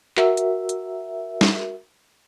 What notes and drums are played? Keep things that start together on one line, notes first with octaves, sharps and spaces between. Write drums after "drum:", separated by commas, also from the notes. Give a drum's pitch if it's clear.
F#4 A#4 E5, drum: clap
drum: hi-hat
drum: hi-hat
drum: snare